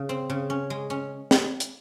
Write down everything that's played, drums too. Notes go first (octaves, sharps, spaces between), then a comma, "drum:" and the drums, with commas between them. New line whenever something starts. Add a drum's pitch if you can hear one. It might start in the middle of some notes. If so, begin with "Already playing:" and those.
Already playing: C#3
C4
C#3
C#4
G#3
C#4
drum: snare
drum: hi-hat